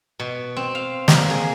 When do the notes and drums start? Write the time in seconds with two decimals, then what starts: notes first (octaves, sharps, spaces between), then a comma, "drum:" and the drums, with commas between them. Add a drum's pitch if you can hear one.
0.20 B2
0.57 C4
0.75 F5
1.08 A#3, drum: snare
1.30 G#4